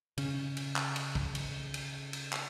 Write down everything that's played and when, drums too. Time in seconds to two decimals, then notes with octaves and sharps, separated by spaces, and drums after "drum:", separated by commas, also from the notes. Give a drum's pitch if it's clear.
0.18 C#3 C#4, drum: cymbal
0.57 drum: cymbal
0.76 drum: clap
0.96 drum: cymbal
1.15 drum: kick
1.35 drum: cymbal
1.74 drum: cymbal
2.13 drum: cymbal
2.33 drum: clap